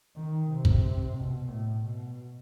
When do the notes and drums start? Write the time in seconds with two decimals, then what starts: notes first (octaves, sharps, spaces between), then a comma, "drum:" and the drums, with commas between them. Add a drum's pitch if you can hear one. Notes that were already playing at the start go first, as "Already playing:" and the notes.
0.16 D#3
0.51 C3
0.65 drum: kick
1.17 B2
1.50 A2
1.84 B2